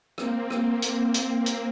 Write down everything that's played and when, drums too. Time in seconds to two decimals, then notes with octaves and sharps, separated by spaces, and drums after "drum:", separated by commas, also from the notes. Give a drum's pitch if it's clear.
0.18 A#3 C4, drum: rim click
0.50 drum: rim click
0.82 drum: hi-hat
1.14 drum: hi-hat
1.46 drum: hi-hat